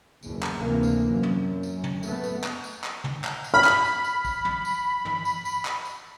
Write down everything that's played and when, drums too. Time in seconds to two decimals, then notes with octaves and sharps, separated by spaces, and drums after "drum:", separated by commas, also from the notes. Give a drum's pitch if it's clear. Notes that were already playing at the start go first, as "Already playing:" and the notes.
0.23 F#1 E2, drum: tambourine
0.43 drum: clap
0.59 D2 C3 E3 A#3
0.83 drum: tambourine
1.11 F#2
1.23 drum: tom
1.63 drum: tambourine
1.83 drum: tom
2.03 A3 B3, drum: tambourine
2.24 drum: tambourine
2.44 drum: clap
2.64 drum: tambourine
2.84 drum: clap
3.04 drum: tom
3.24 drum: clap
3.44 drum: tambourine
3.54 B5 F6
3.64 drum: clap
3.84 drum: tambourine
4.04 drum: tambourine
4.25 drum: kick B1, tambourine
4.45 drum: tom
4.65 drum: tambourine
5.05 drum: tom
5.25 drum: tambourine
5.45 drum: tambourine
5.65 drum: clap
5.85 drum: tambourine